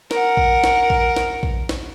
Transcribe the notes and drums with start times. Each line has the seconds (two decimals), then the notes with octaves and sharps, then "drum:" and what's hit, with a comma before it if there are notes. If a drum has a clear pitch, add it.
0.11 A#4 F#5, drum: snare
0.37 drum: kick A#1
0.64 drum: snare
0.90 drum: kick A#1
1.16 drum: snare
1.43 drum: kick A#1
1.69 drum: snare